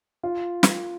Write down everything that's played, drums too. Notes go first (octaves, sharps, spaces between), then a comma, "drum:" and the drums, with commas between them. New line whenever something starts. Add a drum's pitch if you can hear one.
F4
drum: snare